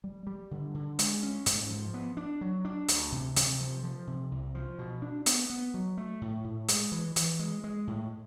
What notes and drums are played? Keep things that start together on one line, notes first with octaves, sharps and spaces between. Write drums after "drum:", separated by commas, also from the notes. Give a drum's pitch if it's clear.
G3
G3
D3
D3
G#3, drum: hi-hat
C#4
G#2, drum: hi-hat
F3
B3
D4
F#3
D4
D2, drum: hi-hat
C3
C3, drum: hi-hat
F3
F3
C3
C2
F3
B2
D4
B3, drum: hi-hat
B3
F#3
A3
A2
A2
G#3, drum: hi-hat
E3
E3, drum: hi-hat
G#3
G#3
A2